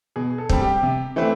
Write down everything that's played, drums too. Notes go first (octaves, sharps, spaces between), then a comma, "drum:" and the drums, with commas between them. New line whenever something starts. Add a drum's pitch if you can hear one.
B2 G#4
A4
G3 C4, drum: kick
G4
C3
E3 A3 C4